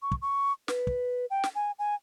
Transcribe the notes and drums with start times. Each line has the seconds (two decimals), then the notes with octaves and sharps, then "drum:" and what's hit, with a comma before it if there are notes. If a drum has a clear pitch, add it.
0.02 C#6
0.11 drum: kick
0.22 C#6
0.68 B4, drum: snare
0.87 drum: kick
1.30 G5
1.44 drum: snare
1.55 G#5
1.79 G#5